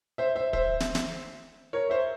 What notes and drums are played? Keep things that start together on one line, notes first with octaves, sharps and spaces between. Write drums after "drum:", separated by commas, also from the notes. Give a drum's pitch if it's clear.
C5 E5
C5 E5
C5 E5, drum: kick
drum: snare
drum: snare
A#4 C#5
C5 E5